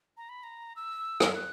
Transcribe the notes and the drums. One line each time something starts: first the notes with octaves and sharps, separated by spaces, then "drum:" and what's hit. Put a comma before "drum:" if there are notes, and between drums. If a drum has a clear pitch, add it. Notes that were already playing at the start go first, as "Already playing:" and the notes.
A#5
B5
A#5
E6
drum: rim click
F#6